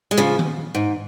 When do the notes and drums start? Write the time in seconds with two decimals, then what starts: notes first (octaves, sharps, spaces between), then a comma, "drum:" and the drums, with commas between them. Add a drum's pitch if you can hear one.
0.11 G#3
0.17 C#3 F3
0.39 drum: tom D#3
0.75 G#2